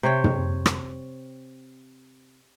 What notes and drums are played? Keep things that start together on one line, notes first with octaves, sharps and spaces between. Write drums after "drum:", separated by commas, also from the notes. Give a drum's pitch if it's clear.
C3 C5 C#5 G5
drum: tom
drum: rim click